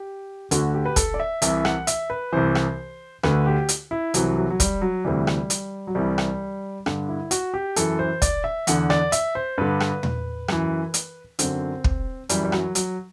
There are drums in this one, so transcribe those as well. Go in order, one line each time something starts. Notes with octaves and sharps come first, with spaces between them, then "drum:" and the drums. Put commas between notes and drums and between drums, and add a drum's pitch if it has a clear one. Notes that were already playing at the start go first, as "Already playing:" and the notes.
Already playing: G4
D2 D3 F#4, drum: hi-hat
G4
B4
A4, drum: kick, hi-hat
D5
E5
C2 C3 E3 E5, drum: hi-hat
F#5, drum: rim click
E5, drum: hi-hat
B4
C2 C3 E3 C5
drum: rim click
D2 D3 B4, drum: rim click
G4
drum: hi-hat
E4
C2 C3 E3 F#3, drum: hi-hat
F#3
F#3
G3, drum: kick, hi-hat
F#3
D2 C3 E3 G3
drum: rim click
drum: hi-hat
F#3
C2 C3 E3 G3
drum: rim click
G2 D3, drum: rim click
E4
F#4, drum: hi-hat
G4
F#2 E3 A4, drum: hi-hat
C5
D5, drum: kick, hi-hat
E5
E2 D3 F#5, drum: hi-hat
D5, drum: rim click
E5, drum: hi-hat
C5
G2 D3 B4
drum: rim click
drum: tom
F#2 E3, drum: rim click
drum: hi-hat
F#2 D3 C4, drum: hi-hat
drum: kick
F#2 E3 G3, drum: hi-hat
G3
F#3, drum: rim click
F#3, drum: hi-hat